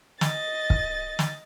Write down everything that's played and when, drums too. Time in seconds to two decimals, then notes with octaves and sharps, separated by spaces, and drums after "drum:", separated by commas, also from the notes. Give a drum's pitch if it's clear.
0.21 D#5 A6, drum: snare
0.70 drum: kick
1.19 drum: snare